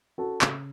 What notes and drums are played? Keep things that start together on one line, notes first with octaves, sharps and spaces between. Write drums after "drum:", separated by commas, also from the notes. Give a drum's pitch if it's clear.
C#4 F#4 A4
C#3, drum: clap